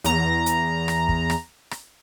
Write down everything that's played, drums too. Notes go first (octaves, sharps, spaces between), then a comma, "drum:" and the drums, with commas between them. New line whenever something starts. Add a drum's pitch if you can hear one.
E2 A#5, drum: hi-hat
drum: hi-hat
drum: rim click
drum: kick
drum: rim click
drum: rim click